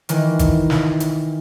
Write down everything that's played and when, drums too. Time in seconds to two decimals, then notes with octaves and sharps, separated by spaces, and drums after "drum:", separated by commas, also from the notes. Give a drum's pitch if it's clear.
0.09 D#3 E3, drum: hi-hat
0.39 drum: kick, hi-hat
0.70 drum: snare
1.00 drum: hi-hat